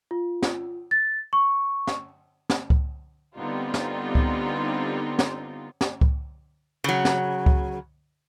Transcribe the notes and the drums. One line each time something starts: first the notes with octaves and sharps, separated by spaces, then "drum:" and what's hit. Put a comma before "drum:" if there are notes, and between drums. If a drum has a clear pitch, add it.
F4
drum: snare
A6
C#6
drum: snare
drum: snare
drum: kick C#2
D3 G3 B3 C4 D#4 F4
drum: snare
drum: kick C#2
drum: snare
drum: snare
drum: kick C#2
C#3 F#3
drum: snare
drum: kick C#2